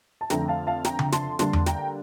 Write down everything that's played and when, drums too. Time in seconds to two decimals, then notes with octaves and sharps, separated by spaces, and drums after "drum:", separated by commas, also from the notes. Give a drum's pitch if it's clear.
0.21 A5
0.30 F2 D3 A3 G5 A#5, drum: snare
0.48 F5 A5
0.67 F5 A5
0.85 G5 A#5, drum: snare
0.99 drum: tom C#3
1.12 A5 C6, drum: snare
1.39 D3 G3 A#3 D4 A5 C6, drum: snare
1.53 drum: tom E2
1.66 G5 A#5, drum: snare